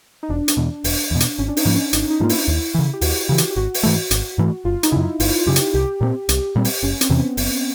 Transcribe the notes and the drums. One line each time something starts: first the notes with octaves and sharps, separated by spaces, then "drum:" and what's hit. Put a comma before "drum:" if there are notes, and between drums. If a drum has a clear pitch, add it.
D#4
E1 D4
drum: hi-hat
E2 B2
E1, drum: open hi-hat
E2 B2
drum: hi-hat
G#1 C#4
D4
D#4, drum: open hi-hat
G#2 F3 A#3
C#4
G#1 D#4, drum: hi-hat
D#4
G#2 F3 A#3 F4
E4, drum: open hi-hat
D#2
C#3 E3
G4
D#2 F#4, drum: open hi-hat
C#3 E3 G4
drum: hi-hat
G4
G#1 F#4
drum: open hi-hat
G#2 E3 A3
G#1, drum: hi-hat
G#2 E3 A3
G1 F4
D#4, drum: hi-hat
F#2 C#3 E4
G1 F4, drum: open hi-hat
F#2 C#3 G4
drum: hi-hat
C2 G4
A#2 G3 C4
C2, drum: hi-hat
A#2 G3 C4
drum: open hi-hat
F#1 C#4
C4, drum: hi-hat
E2 C3 E3
B3
F#1, drum: open hi-hat